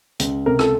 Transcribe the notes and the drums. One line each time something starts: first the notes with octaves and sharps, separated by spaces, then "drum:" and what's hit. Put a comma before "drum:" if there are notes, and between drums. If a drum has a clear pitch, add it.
C#2, drum: hi-hat
C3 A#4
A4, drum: rim click